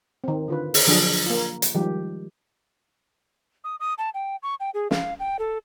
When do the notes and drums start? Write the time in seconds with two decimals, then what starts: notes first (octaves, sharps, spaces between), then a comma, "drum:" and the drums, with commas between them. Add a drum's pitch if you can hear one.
0.24 D#3 C4
0.48 D3 F4 B4
0.74 drum: open hi-hat
0.87 D3 F3 F#3 D4 G#4
1.26 A#3 F4
1.62 drum: hi-hat
1.74 D#3 F3 G3 G#3 G4
3.64 D#6
3.80 D#6
3.98 A5
4.14 G5
4.43 C#6
4.60 G5
4.74 G#4
4.91 F5, drum: snare
5.19 G5
5.39 A4